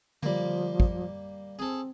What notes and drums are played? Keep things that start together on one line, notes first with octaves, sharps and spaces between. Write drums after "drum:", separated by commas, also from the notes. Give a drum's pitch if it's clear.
F3 G3 A#3, drum: tom D3
drum: kick
C4 G#4 A4